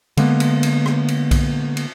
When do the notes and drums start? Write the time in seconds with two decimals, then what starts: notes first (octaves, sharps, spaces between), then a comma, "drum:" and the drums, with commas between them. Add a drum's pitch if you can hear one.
0.17 D3 G#3 A#3 B3, drum: cymbal
0.40 drum: cymbal
0.63 drum: cymbal
0.86 drum: rim click
1.08 drum: cymbal
1.31 drum: kick B1, cymbal
1.77 drum: cymbal